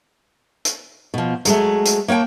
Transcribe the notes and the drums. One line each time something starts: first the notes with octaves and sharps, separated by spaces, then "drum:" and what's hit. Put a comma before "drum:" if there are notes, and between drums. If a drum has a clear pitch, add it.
drum: hi-hat
B2 F3
F#3 G#3 A3, drum: hi-hat
drum: hi-hat
A#3 C#5 F5 G5 A5